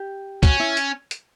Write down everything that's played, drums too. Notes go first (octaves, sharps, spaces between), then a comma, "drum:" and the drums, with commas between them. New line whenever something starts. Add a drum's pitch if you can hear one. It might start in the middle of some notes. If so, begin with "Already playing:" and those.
Already playing: G4
C#4 F#4, drum: kick, hi-hat
E4
drum: hi-hat
drum: hi-hat